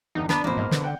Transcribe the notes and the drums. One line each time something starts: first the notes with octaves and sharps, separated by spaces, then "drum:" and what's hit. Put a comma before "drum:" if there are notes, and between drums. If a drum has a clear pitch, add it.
E2 G2 D3 D#4
B3 D4 A5 A#5, drum: snare
A1 F2 A#2 A#3 C5
G#2 B2 D#5 F6
D3 B3, drum: snare
F#5 G5